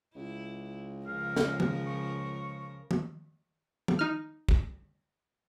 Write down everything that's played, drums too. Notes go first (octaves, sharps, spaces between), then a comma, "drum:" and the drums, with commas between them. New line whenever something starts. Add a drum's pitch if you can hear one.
C#2 E4
C#3 F3 A#4 F5
drum: snare
drum: tom D#3
C#6
drum: tom D#3
drum: tom D#3
D#4 F6
drum: kick